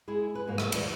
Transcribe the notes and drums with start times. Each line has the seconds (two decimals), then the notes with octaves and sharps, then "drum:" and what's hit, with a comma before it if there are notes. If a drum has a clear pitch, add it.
0.08 G#3 E4 G#4
0.35 B4
0.48 G#2 B2 F3 A#3
0.58 drum: rim click
0.72 D2 G2 A#2 D#3 E3, drum: cymbal